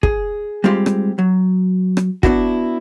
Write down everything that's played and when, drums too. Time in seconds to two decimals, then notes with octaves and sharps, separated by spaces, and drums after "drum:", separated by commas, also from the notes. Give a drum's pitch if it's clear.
0.03 G#4, drum: kick
0.64 G3 G#3 C4 F4 G4
0.86 drum: rim click
1.19 F#3
1.97 drum: rim click
2.23 B3 D4 E4 F#4, drum: kick